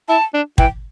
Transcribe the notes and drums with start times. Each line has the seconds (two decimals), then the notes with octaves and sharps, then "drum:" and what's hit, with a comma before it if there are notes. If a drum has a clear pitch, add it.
0.09 E4 A5
0.34 D4
0.58 E3 G5, drum: kick